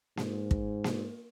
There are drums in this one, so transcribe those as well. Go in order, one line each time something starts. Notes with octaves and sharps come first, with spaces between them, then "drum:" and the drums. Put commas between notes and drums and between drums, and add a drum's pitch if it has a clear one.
G#2, drum: snare A#3
drum: kick
drum: snare A#3